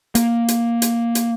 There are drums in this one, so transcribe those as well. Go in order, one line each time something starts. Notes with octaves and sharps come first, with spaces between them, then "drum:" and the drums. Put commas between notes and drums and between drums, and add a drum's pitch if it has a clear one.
A#3, drum: hi-hat
drum: hi-hat
drum: hi-hat
drum: hi-hat